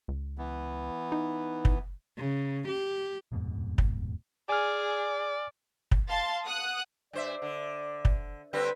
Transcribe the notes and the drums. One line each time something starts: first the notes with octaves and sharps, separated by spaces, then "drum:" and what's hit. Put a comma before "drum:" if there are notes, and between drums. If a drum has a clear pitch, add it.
C#2
E3 B3
D#4
drum: kick
C#3
G4
D#1 F2 G#2 B2
drum: kick
G#4 D5 G#5 F6
drum: kick
F5 A5 C6 A6
F#5 D#6 F#6
G2 C5 D5 E5
D3
drum: kick
D3 G3 C4 B4